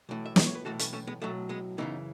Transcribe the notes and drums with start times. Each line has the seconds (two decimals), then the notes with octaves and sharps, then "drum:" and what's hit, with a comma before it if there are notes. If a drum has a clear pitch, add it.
0.09 B1 A2 E3
0.26 E5
0.36 D#5, drum: snare
0.46 C#5
0.55 B4
0.65 B1 A2 E3 F#4 A4
0.79 A3 C#4, drum: hi-hat
0.93 A3 C#4
1.07 G#3 B3
1.22 B1 A2 F#3 A3
1.49 G#3 B3
1.78 F#2 C#3 E3 B3 D#4